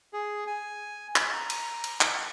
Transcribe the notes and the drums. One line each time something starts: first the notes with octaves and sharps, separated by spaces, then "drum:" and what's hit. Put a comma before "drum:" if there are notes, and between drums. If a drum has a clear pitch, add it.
G#4
G#5
drum: clap
A#5
drum: cymbal
drum: cymbal
drum: clap